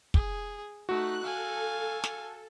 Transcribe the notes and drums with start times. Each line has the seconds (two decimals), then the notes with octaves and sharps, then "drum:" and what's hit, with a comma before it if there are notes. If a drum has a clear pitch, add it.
0.14 G#4, drum: kick
0.89 A3 D#4 F#4 F#6
1.23 A4 F5 G#5
2.04 drum: snare